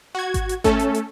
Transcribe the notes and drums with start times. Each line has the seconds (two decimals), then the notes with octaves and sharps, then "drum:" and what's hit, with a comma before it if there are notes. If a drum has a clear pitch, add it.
0.15 F#4 G#6
0.34 drum: kick G#1, hi-hat
0.49 drum: hi-hat
0.64 A3 C#4 A4, drum: kick G#1, hi-hat
0.79 drum: hi-hat
0.94 drum: hi-hat